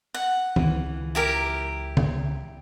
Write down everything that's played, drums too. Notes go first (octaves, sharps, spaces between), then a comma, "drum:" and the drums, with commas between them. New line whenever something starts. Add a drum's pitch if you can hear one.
F#5
C#2 E3, drum: tom D#3
E4 G4 A#4
drum: tom C#3